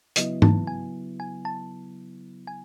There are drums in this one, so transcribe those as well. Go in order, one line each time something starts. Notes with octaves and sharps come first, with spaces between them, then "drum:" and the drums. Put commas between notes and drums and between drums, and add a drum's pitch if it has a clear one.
C#3 F#3 B3 E4 D#5, drum: hi-hat
A5, drum: tom
G#5
G#5
A5
G#5